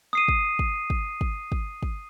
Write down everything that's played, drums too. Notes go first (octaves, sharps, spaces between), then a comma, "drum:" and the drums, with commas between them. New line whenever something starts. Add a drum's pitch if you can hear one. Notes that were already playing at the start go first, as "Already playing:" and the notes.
D#6 C7 D#7
drum: kick
drum: kick
drum: kick
drum: kick
drum: kick
drum: kick